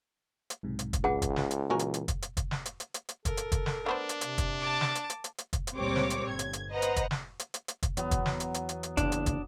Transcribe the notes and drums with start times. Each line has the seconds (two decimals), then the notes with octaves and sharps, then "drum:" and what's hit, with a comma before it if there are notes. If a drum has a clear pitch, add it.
0.50 drum: hi-hat
0.63 B1 G#2 C3
0.79 drum: hi-hat
0.93 drum: kick, hi-hat
1.04 C#2 G#4 B4 F#5
1.22 drum: kick, hi-hat
1.36 drum: snare
1.51 drum: hi-hat
1.70 A#2 E3 F#4 A#4 G#5
1.79 drum: hi-hat
1.94 drum: hi-hat
2.08 drum: kick, hi-hat
2.22 drum: hi-hat
2.37 drum: kick, hi-hat
2.51 drum: snare
2.65 drum: hi-hat
2.80 drum: hi-hat
2.94 drum: hi-hat
3.09 drum: hi-hat
3.25 A4 A#4, drum: kick, hi-hat
3.37 drum: hi-hat
3.52 drum: kick, hi-hat
3.66 drum: snare
3.86 A3 B3 D4 C5
4.09 drum: hi-hat
4.21 C3, drum: hi-hat
4.38 drum: kick, hi-hat
4.60 A5 D6
4.81 drum: snare
4.95 drum: hi-hat
5.10 drum: hi-hat
5.24 drum: hi-hat
5.38 drum: hi-hat
5.53 drum: kick, hi-hat
5.67 drum: hi-hat
5.76 C#2 A#2 G3 C4 C#5 D6
5.96 drum: snare
6.10 drum: hi-hat
6.29 G1 G#6
6.39 drum: hi-hat
6.53 drum: hi-hat
6.71 B4 C5 D#5 F#5 A#5
6.82 drum: hi-hat
6.96 drum: kick, hi-hat
7.11 drum: snare
7.39 drum: hi-hat
7.54 drum: hi-hat
7.68 drum: hi-hat
7.83 drum: kick, hi-hat
7.97 E2 F#3 B3, drum: hi-hat
8.11 drum: kick, hi-hat
8.26 drum: snare
8.40 drum: hi-hat
8.54 drum: hi-hat
8.69 drum: hi-hat
8.83 drum: hi-hat
8.97 F#1 D4, drum: kick, hi-hat
9.12 drum: hi-hat
9.26 drum: kick, hi-hat